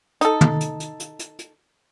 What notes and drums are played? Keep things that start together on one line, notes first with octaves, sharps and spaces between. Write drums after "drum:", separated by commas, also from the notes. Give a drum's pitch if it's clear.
D#4 A4, drum: hi-hat
drum: tom
drum: hi-hat
drum: hi-hat
drum: hi-hat
drum: hi-hat
drum: hi-hat